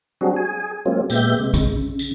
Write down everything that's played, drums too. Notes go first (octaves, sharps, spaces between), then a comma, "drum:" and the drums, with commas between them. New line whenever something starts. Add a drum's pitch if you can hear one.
F#3 G3 C4 D4 F#4 G#4
G#4 G#5
F#3 G#3 A#3 C4 C#4 F4
A#2 G#3 B3 G4 E5 G6, drum: tambourine
C3 G#3
drum: kick A#1, tambourine
C#3
drum: tambourine